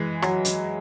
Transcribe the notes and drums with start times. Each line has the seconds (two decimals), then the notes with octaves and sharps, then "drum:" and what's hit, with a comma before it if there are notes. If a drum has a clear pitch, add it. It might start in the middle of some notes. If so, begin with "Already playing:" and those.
Already playing: E3 G#3
0.22 F#3, drum: rim click
0.45 drum: hi-hat